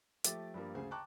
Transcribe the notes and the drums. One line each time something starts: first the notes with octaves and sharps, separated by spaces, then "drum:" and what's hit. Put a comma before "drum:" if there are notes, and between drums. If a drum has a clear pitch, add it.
F3 A3 G4 D6 A6, drum: hi-hat
G2 F3 G3 A#3
D2 C#3 G#4 C5 G#5
G5 A5 A#5 C#6 D6 F#6